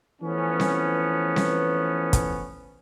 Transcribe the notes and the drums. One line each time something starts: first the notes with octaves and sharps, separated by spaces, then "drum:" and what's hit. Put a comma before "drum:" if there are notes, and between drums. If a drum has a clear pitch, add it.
E3 F3 A3 B3 C#4
drum: snare C4
drum: snare C4
drum: kick, hi-hat